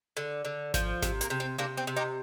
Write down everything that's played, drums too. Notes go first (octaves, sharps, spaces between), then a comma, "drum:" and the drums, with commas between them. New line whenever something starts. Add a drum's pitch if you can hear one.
D3
D3
F3, drum: snare G#1
C3, drum: snare G#1
A#3, drum: hi-hat
C3
C4
C3 A#3 D4
C4
C3
D#4 G4